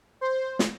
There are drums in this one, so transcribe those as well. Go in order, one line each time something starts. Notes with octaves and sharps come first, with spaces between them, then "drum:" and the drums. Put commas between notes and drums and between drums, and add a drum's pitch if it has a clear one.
C5
drum: snare